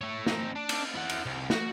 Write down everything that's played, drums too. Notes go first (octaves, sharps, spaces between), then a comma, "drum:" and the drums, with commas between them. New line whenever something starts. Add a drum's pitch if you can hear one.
A3 C#5
C4 D#4, drum: snare
D4
drum: cymbal
E4 F#5
drum: cymbal
C2
F#4, drum: snare